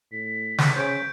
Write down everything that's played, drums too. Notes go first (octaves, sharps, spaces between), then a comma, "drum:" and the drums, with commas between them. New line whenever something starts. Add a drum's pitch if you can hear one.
A2 B6
drum: snare
C#3 C5 C#5 G#5 G6 D7